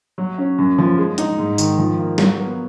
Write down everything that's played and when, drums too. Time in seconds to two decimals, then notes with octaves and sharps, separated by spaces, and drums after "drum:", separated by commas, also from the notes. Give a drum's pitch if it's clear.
0.18 F#3
0.38 C#4
0.58 F#2
0.78 F3
0.98 G#3
1.18 D#4, drum: hi-hat
1.38 G#2
1.58 D#3, drum: tambourine
1.78 F3
1.99 A#3
2.18 F#3, drum: snare
2.39 B3